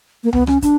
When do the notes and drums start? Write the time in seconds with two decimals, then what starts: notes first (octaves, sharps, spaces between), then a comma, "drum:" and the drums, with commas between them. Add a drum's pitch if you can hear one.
0.24 A#3
0.33 B3, drum: tom C#2
0.47 C#4, drum: rim click
0.62 D4, drum: kick, hi-hat